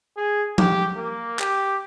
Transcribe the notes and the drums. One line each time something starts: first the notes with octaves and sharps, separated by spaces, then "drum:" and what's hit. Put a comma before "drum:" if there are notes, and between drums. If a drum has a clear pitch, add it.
G#4
G4, drum: tom F3
A#3
G4, drum: clap